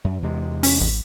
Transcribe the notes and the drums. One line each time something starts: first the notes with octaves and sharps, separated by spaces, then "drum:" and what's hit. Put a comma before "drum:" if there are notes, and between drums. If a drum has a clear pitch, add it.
F#2
E2 C3 G#3
C#4, drum: open hi-hat
A1